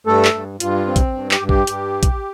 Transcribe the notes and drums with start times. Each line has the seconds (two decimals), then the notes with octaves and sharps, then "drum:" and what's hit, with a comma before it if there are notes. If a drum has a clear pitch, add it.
0.07 G2 A3 A4
0.25 drum: clap
0.34 G2
0.60 G2 F4, drum: hi-hat
0.87 C4
0.96 drum: kick, hi-hat
1.14 G2
1.31 G4, drum: clap
1.40 G2
1.49 G4, drum: kick
1.67 G2, drum: hi-hat
2.03 drum: kick, hi-hat